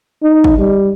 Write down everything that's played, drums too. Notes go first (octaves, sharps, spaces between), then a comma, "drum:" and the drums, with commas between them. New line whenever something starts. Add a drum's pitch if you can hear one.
D#4
drum: kick
G3